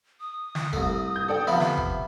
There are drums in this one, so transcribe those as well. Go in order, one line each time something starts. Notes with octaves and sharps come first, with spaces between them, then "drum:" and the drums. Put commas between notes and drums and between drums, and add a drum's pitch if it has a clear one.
D#6
drum: snare
C2 A3, drum: kick
G6
A4 D5 G5
C3 F3 B3 E5 B5
drum: snare
drum: kick